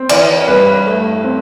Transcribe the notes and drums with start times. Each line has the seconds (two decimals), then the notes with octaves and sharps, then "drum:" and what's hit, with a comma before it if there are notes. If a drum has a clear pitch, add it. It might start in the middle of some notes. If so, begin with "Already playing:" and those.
Already playing: C4
0.09 E3 D5, drum: cymbal
0.48 G2 B4
0.87 A3
1.24 C4